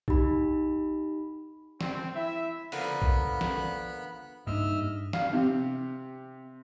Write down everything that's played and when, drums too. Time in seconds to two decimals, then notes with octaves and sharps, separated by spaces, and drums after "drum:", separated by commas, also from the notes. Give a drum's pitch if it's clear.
0.08 D#4 G4 B5, drum: kick B1
1.81 C4, drum: snare
2.15 E4 E5
2.72 D3 F3 A#3 B3 B5 F#6, drum: open hi-hat
3.02 drum: kick B1
3.41 drum: snare
4.47 G2 A#3 D4 D#4 D#5 E5 F6
5.13 F5, drum: snare
5.33 C3